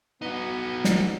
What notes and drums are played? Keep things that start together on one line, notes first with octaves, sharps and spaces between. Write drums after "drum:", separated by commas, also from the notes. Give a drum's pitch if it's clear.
B3 D#4 F#4
drum: snare